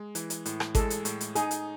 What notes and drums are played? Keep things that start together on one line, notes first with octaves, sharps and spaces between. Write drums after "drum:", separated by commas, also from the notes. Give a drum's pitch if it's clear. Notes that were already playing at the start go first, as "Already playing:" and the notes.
Already playing: G#3
E3, drum: hi-hat
drum: hi-hat
A2, drum: hi-hat
drum: rim click
G#3 A4, drum: kick G#1, hi-hat
drum: hi-hat
A2, drum: hi-hat
drum: hi-hat
D#4 G#4, drum: hi-hat
drum: hi-hat